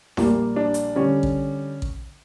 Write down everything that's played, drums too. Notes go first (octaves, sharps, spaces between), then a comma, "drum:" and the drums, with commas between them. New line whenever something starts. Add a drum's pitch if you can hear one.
A#1 A#2 G3 A#3, drum: snare E4
D4
drum: hi-hat
D3 G3 C#4
drum: kick A1
drum: kick A1